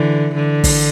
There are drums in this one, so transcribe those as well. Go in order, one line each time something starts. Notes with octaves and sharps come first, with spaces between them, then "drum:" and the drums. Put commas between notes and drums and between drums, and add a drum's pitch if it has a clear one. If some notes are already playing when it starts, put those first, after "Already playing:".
Already playing: D3 E3
D3
drum: kick, open hi-hat